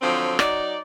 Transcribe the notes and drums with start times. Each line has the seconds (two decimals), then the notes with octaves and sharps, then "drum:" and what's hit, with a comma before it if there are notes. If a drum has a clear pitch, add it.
0.01 D3 F3 F#3 C4
0.39 F#3 D#4 D5, drum: rim click